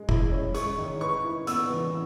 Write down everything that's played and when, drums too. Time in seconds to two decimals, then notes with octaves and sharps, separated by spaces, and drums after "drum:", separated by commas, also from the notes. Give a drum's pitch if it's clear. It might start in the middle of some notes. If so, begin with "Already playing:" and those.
Already playing: G#3
0.09 E4, drum: kick F1
0.32 C#4
0.54 G#3 C#6, drum: hi-hat
0.78 D#3
1.01 B4 C#6
1.24 E4
1.47 B3 E6, drum: hi-hat
1.70 E3